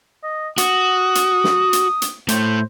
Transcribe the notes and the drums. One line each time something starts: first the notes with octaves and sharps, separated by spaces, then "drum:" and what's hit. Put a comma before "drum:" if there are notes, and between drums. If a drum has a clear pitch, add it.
D#5
F#4 D#6, drum: hi-hat
drum: hi-hat
drum: snare
drum: hi-hat
drum: hi-hat
A2 A3 C5, drum: hi-hat